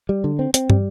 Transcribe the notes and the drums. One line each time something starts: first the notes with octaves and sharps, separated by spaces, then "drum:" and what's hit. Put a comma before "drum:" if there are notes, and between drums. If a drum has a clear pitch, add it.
G3
D3
C4
C4, drum: hi-hat
G3, drum: tom